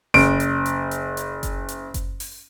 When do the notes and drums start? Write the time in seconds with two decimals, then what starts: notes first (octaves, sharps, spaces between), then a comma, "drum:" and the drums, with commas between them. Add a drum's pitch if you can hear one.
0.14 F#1 D7, drum: snare E1
0.40 drum: hi-hat
0.66 drum: hi-hat
0.91 drum: hi-hat
1.17 drum: hi-hat
1.43 drum: kick F#1, hi-hat
1.69 drum: hi-hat
1.94 drum: kick F#1, hi-hat
2.20 drum: open hi-hat